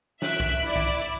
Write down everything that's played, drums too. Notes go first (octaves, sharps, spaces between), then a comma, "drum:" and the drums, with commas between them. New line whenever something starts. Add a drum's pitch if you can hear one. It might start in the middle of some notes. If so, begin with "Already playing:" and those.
E5 F#6 B6 D7, drum: snare
drum: kick B1
E4 D5
drum: kick B1